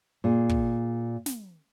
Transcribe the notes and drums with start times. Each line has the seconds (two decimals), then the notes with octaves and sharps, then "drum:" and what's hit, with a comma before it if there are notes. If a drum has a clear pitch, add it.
0.24 A#2 G#4
0.49 drum: kick
1.26 drum: snare